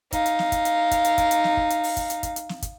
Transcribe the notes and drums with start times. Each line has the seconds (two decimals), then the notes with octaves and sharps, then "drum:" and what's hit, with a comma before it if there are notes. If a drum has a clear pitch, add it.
0.12 D#4 F5, drum: kick, hi-hat
0.26 drum: hi-hat
0.39 drum: snare
0.52 drum: kick, hi-hat
0.65 drum: hi-hat
0.91 drum: kick, hi-hat
1.05 drum: hi-hat
1.18 drum: kick, hi-hat
1.31 drum: hi-hat
1.44 drum: snare
1.57 drum: kick
1.70 drum: hi-hat
1.84 drum: open hi-hat
1.97 drum: kick, hi-hat
2.10 drum: hi-hat
2.23 drum: kick, hi-hat
2.36 drum: hi-hat
2.49 drum: snare
2.62 drum: kick, hi-hat